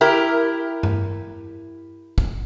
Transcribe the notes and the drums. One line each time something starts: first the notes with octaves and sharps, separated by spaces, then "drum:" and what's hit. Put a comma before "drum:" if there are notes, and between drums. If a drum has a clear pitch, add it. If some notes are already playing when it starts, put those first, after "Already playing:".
E4 G4 A#4
drum: tom G2
drum: kick